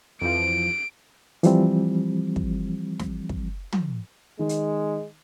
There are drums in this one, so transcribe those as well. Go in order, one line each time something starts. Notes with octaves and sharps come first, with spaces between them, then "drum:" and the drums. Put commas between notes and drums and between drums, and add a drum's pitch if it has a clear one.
F2 E3 F3 D7
E3 F3 G3 C4, drum: hi-hat
drum: kick
drum: snare
drum: kick
drum: tom
D#3 G#3
drum: hi-hat